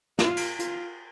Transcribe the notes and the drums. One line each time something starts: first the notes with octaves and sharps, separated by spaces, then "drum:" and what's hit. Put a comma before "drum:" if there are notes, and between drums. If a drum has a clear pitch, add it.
F4, drum: snare
drum: cymbal
F4, drum: hi-hat